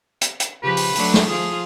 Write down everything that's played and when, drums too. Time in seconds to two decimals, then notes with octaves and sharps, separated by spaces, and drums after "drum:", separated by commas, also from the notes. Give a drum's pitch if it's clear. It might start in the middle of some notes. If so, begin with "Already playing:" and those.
0.21 drum: hi-hat
0.40 drum: hi-hat
0.63 C#3 F3 G4 B4
0.77 drum: open hi-hat
0.95 F#3 A3 D4, drum: open hi-hat
1.14 drum: snare
1.29 F3 F4 G#4 D#6